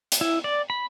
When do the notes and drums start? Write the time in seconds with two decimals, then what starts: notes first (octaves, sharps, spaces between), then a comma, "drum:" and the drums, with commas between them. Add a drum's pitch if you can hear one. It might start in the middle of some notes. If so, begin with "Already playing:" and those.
0.12 drum: hi-hat
0.21 E4
0.44 D5
0.70 B5